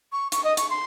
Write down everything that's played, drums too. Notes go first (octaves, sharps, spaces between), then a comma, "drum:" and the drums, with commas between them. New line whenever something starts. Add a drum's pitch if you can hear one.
C#6
C#6, drum: hi-hat
D#5
C#6, drum: hi-hat
C6